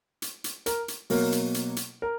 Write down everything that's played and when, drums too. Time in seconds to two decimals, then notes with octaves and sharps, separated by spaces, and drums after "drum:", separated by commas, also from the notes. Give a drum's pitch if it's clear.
0.22 drum: hi-hat
0.44 drum: hi-hat
0.66 A#4, drum: hi-hat
0.88 drum: hi-hat
1.10 B2 F#3 A#3 A#4, drum: open hi-hat
1.32 drum: hi-hat
1.54 drum: hi-hat
1.76 drum: hi-hat
2.02 A#4